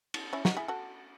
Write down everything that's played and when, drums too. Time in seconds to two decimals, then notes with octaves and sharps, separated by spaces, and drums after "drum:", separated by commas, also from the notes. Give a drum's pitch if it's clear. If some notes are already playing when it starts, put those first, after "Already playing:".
0.14 drum: cymbal
0.33 C#4 E4
0.45 D#4 F#4, drum: snare
0.57 E4 G#4
0.68 F#4 A4